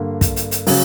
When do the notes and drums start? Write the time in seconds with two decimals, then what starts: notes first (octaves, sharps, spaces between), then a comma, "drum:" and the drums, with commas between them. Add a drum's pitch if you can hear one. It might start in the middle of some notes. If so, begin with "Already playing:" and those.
Already playing: G2 D3 A#3
0.21 drum: kick, hi-hat
0.36 drum: hi-hat
0.51 drum: hi-hat
0.67 C#3 F#3, drum: open hi-hat